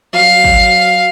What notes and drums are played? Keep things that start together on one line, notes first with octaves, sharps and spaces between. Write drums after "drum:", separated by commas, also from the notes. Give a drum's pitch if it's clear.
F#3 F5
drum: kick